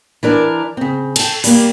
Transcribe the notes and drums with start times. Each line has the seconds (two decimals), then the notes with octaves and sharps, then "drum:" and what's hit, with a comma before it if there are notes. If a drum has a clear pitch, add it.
0.23 E3 D4 A#4 D5
0.77 C#3 C4
1.16 A4 G5, drum: cymbal
1.44 G3 A#3, drum: open hi-hat